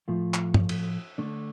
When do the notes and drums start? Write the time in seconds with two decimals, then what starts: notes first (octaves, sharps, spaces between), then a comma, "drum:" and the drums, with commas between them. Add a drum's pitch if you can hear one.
0.08 A2 F3 A3 F4
0.34 drum: clap
0.54 drum: tom
0.69 drum: cymbal
1.18 D3 A3 D4